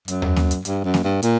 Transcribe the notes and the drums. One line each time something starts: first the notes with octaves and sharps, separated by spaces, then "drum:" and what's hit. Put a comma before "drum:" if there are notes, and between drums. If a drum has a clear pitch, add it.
F#2, drum: hi-hat
drum: tom D#2
drum: snare A#3
drum: hi-hat
G2, drum: hi-hat
F#2
drum: snare A#3
G2
A#2, drum: hi-hat